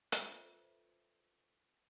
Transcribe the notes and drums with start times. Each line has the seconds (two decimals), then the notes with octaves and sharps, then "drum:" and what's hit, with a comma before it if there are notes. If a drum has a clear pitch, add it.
0.12 F4 A4 B4 C5 E5, drum: hi-hat